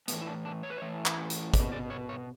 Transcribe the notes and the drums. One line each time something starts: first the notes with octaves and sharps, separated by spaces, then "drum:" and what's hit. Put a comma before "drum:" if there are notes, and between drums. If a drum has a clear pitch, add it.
A2 E3 B3, drum: hi-hat
E4
D4
D4
C#5
B4
A2 E3 C#5
drum: clap
drum: hi-hat
B2 D5, drum: kick, hi-hat
D5
C#5
C#5